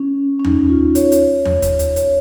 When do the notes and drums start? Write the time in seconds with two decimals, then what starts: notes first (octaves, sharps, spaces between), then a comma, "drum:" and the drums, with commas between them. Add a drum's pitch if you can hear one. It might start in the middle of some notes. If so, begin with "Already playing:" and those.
Already playing: C#4
0.40 C#4
0.45 D#4, drum: tom D#2
0.69 F4
0.95 C#5, drum: hi-hat
1.12 drum: hi-hat
1.45 drum: tom D#2
1.62 drum: kick, hi-hat
1.79 drum: hi-hat
1.96 C#5, drum: hi-hat